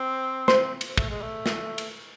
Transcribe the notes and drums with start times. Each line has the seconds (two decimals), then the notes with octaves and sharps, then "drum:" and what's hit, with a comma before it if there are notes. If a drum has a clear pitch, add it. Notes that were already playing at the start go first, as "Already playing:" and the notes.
Already playing: C4
0.48 C5, drum: snare
0.81 drum: cymbal
0.97 A3, drum: kick
1.09 G#3
1.22 A3
1.46 drum: snare
1.78 drum: cymbal